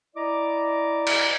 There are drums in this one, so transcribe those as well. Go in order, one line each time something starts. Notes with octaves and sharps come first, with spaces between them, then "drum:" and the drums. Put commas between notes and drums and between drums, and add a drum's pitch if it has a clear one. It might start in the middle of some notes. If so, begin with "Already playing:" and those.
E4 D5 D#5 A#5 D6
drum: cymbal